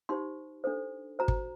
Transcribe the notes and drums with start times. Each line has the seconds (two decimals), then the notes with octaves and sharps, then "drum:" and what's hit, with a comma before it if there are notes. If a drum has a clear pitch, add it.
0.09 D#4 G4 C5 C6
0.64 D4 A4 C5
1.19 F#4 C5 A#5
1.28 drum: kick